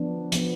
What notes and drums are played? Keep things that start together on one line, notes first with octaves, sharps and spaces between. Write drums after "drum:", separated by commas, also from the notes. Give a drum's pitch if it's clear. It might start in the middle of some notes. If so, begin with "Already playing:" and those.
Already playing: F3 B3 D4
F3 B3 D4, drum: hi-hat